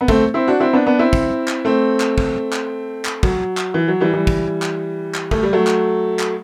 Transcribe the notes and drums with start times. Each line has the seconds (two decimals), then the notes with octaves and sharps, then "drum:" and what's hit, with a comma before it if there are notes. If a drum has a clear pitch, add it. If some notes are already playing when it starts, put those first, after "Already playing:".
0.01 B3
0.08 A3 C4, drum: kick
0.34 C4 E4
0.48 D4 F#4
0.60 C4 E4
0.73 B3 D4
0.86 B3 D4
0.99 C4 E4
1.13 drum: kick
1.48 drum: clap
1.65 A3 C4
2.00 drum: clap
2.18 drum: kick
2.53 drum: clap
3.05 drum: clap
3.23 F#3, drum: kick
3.57 drum: clap
3.74 E3
3.88 F#3
4.00 E3 G3
4.13 E3 G3
4.27 drum: kick
4.62 drum: clap
5.14 drum: clap
5.31 A3, drum: kick
5.43 G3
5.53 F#3 A3
5.67 drum: clap
6.19 drum: clap